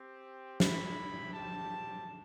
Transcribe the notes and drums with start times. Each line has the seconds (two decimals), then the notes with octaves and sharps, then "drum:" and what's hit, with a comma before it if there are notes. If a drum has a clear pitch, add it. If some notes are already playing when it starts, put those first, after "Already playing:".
Already playing: C4 G4
0.60 B3 E4 G4 B5, drum: snare
1.34 G3 C4 G4 A5